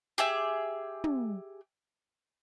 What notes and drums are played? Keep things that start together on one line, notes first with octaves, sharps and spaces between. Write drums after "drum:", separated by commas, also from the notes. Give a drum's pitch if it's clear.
G4 G#4 E5
drum: tom